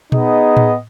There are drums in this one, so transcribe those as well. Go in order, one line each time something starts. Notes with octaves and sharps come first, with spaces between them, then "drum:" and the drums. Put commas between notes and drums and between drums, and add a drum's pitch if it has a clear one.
B3 D#4 G#4 D#5, drum: tom A#2
drum: tom A2